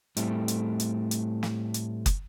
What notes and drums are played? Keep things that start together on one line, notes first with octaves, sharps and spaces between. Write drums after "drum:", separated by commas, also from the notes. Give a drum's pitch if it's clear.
A2 G3 A3 C4, drum: hi-hat
drum: hi-hat
drum: hi-hat
drum: hi-hat
drum: snare
drum: hi-hat
drum: kick, hi-hat